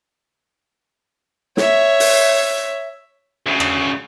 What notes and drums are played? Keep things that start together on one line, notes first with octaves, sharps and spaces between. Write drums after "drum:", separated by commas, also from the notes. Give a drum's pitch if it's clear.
C#5 E5, drum: snare
drum: open hi-hat
D2 C#3
drum: rim click